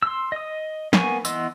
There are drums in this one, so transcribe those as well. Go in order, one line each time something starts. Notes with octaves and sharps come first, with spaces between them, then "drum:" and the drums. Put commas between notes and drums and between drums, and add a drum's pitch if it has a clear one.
C6 E6
D#5 D#6
A#3 B3 G#5 C#6, drum: snare
E3 B3 D#5 C6 E6, drum: tambourine